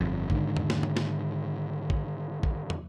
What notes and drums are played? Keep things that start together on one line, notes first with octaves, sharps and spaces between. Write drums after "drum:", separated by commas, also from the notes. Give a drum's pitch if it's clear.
G1 F2
G#2 D3 D#3, drum: kick
drum: tom
drum: snare
drum: tom
drum: snare
drum: kick
drum: kick
drum: tom